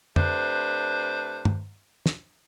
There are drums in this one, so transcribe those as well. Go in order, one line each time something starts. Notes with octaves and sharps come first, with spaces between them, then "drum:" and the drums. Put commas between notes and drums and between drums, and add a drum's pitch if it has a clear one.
C3 A3 D4 B4 C5, drum: tom F2
drum: tom G2
drum: snare